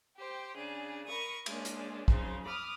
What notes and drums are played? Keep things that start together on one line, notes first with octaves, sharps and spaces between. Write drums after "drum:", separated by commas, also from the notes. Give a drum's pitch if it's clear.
G4 C5 G5
C#3 D4 G#4
A#4 B5 C#6 D#6
G#3 A#3 C#4 D4, drum: cymbal
drum: hi-hat
F2 C#3 F#3 D#4 C5, drum: kick
B5 D6 D#6 F6